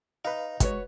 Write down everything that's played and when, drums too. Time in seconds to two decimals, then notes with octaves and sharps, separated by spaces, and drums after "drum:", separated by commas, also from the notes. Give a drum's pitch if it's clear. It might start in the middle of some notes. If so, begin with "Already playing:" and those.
0.25 D#4 B4 F5
0.60 G#3 F#4 B4 C#5 C#6, drum: kick, hi-hat